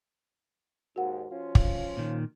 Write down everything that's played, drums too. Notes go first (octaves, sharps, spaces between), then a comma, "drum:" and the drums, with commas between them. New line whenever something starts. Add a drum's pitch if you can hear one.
D#2 G#2 F#4 A#4 F#5
F3 C#4 F4
drum: kick
A#2 D#3